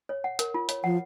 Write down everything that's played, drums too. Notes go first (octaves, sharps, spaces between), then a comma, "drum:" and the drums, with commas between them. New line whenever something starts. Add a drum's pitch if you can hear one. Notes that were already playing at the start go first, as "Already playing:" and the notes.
C#5
F#5
A#4, drum: hi-hat
F4
C#5, drum: hi-hat
F3 F#5